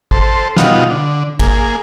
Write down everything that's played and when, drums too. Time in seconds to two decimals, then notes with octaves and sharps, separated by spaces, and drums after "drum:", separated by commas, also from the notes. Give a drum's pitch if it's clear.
0.11 A4 C5, drum: kick
0.57 B2 F3 G3 D#4 F4 F#4, drum: snare
0.90 D3
1.39 A#3 G#4, drum: kick, cymbal